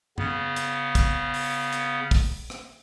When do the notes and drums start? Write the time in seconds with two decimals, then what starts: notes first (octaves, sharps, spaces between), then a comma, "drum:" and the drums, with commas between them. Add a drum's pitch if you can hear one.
0.18 C#3 B3, drum: tom F#2
0.56 drum: hi-hat
0.95 drum: kick, hi-hat
1.34 drum: open hi-hat
1.73 drum: hi-hat
2.11 drum: kick, open hi-hat
2.50 drum: rim click